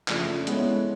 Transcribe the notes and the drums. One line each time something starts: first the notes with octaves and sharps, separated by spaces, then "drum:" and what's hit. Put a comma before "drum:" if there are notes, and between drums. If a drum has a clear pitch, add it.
C#3 F3 A3 D4 F4, drum: clap
G#3 B3 E4 A4 C#5, drum: hi-hat